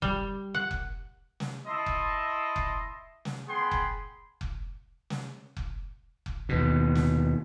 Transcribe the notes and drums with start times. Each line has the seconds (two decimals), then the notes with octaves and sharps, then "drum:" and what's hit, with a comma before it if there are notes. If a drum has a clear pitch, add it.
0.02 G3, drum: kick F1
0.55 F#5
0.71 drum: kick F1
1.40 drum: snare
1.67 E4 D#5 E5 A5 C6
1.86 drum: kick F1
2.56 drum: kick F1
3.25 drum: snare
3.48 B3 G#4 G5 B5 C6
3.71 drum: kick F1
4.41 drum: kick F1
5.10 drum: snare
5.57 drum: kick F1
6.26 drum: kick F1
6.49 D#2 B2
6.95 drum: snare